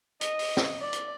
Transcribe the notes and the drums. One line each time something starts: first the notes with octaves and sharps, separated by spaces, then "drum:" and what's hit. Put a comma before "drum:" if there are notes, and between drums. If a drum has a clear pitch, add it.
D#5, drum: hi-hat
drum: open hi-hat
drum: snare
D5
drum: hi-hat